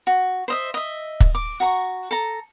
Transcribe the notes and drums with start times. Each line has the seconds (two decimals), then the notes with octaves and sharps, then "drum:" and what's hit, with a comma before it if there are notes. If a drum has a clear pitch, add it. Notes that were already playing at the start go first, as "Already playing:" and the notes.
0.07 F#4
0.48 C5 D#5 E5
0.74 D#5 E5
1.20 drum: kick
1.35 D6
1.60 F#4 A#5 C#6
2.11 A4 A#5